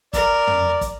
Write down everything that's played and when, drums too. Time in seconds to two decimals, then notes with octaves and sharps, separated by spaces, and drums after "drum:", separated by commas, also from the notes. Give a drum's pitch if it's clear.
0.13 A#4 D5, drum: kick, hi-hat
0.47 drum: tom
0.81 drum: kick, hi-hat